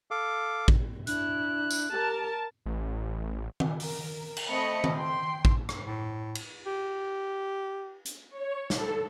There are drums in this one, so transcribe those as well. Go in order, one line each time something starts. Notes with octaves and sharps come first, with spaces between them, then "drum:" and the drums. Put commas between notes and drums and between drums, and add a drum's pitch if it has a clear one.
A4 F5 D6
drum: kick A1
D4 E4 F#6, drum: hi-hat
drum: tambourine
G4 A#4 A5
A1
drum: tom D#3
A#4, drum: open hi-hat
drum: cymbal
A3 C4 D#5 B5 C#7
drum: tom D#3
G5 C6
drum: kick A1
drum: rim click
A2
drum: cymbal
G4
drum: hi-hat
C#5
A4, drum: snare